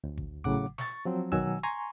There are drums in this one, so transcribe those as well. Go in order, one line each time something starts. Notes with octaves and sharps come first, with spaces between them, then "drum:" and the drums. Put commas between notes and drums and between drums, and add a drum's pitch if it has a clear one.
D2
drum: kick G#1
A2 C#3 F#3 F#5 D6, drum: kick G#1
C#6 A6, drum: snare
F3 F#3 C4
B2 D#3 F#3 F#4 G#5 E6, drum: kick G#1
G#5 A#5 C6 C#6